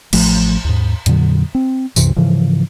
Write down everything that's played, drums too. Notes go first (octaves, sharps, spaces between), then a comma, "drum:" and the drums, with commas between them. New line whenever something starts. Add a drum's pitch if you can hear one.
A1 F3 A3, drum: cymbal
D#2 G#2
F2 A#2 D3 F#3, drum: hi-hat
C4
C2 F#2 C3 E3, drum: tambourine
G#2 C#3 E3 F3